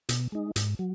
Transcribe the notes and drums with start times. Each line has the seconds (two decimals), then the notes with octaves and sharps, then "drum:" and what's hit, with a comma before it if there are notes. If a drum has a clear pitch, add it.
0.09 B2, drum: hi-hat
0.32 G#3 D#4
0.56 G#2, drum: hi-hat
0.79 F#3